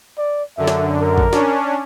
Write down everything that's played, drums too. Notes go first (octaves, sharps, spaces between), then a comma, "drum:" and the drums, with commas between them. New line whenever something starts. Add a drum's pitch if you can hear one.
D5
F#2 D3 E5
drum: snare
A#4
drum: kick
C#4 D4, drum: snare